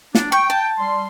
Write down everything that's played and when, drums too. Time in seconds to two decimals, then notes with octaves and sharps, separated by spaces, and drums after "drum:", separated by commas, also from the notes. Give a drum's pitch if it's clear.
0.15 D4, drum: snare
0.32 G5 C#6
0.50 A5
0.79 G3 C6